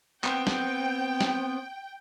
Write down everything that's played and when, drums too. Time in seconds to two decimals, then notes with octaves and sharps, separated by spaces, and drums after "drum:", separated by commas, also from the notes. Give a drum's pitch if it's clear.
0.24 B3 C4 G5, drum: clap
0.47 drum: snare
1.21 drum: snare